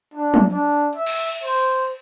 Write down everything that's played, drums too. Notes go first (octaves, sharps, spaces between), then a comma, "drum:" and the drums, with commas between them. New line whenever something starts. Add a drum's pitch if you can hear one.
D4
drum: tom
D4
E5
drum: cymbal
C5